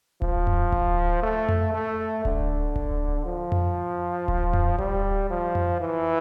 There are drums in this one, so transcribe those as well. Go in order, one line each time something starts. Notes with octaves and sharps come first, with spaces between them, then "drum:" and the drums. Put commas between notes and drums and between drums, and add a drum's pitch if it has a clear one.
F3, drum: kick D1
drum: tom F2
drum: kick D1
A3
drum: tom F2
A3
D3, drum: kick D1
drum: kick D1
F3
drum: tom F2
drum: kick D1
drum: tom F2
G3, drum: kick D1
F3
drum: tom F2
E3